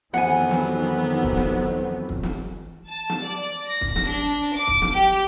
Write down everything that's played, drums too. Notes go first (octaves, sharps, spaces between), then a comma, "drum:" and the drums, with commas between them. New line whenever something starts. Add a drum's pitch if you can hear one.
F2 D#3 E3 F#3 B3 F#5 G#5
drum: snare
drum: kick
drum: snare
drum: kick
drum: snare
A5
drum: snare
D5
A#6
drum: kick
drum: snare
D4
D6
drum: kick
drum: snare
G4